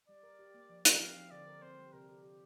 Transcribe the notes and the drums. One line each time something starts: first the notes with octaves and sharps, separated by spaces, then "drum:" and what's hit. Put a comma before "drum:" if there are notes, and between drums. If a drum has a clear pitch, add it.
G3 D5
A#4
G4
A#3
F3
F3, drum: hi-hat
C4 F5
F3
D3 D5
A#4
C4 C5
G3
C3 A#4
G4
G4